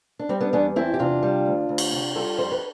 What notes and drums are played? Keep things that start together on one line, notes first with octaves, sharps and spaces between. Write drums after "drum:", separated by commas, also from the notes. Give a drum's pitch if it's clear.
D4
G3 C4
B3 D4
E2 B3 D4
E2 C4 E4
G4
C3 D4 F4
G3
D2
D2
drum: cymbal
C3
G3 F4 A4
F2 C5
B4